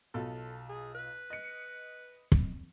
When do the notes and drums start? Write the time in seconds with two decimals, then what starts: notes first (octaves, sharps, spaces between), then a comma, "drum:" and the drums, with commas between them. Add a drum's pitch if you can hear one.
0.14 B1 F4 A4
0.69 G#4
0.95 B4
1.30 D#5 C#7
2.32 drum: kick